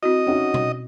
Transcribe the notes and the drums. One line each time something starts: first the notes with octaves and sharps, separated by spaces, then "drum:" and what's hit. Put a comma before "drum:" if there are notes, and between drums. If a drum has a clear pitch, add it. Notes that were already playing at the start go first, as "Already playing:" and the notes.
C4 E4 F#4 D#5
C#4 D#4 F#4 E5 F#5 G5
drum: tom B2